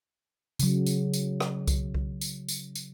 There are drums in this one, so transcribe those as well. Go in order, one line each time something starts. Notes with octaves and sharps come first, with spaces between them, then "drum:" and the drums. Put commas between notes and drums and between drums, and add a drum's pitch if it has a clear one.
C#3 F#3, drum: tambourine
drum: tambourine
drum: tambourine
drum: rim click
drum: kick C2, tambourine
drum: kick C2
drum: tambourine
drum: tambourine
drum: tambourine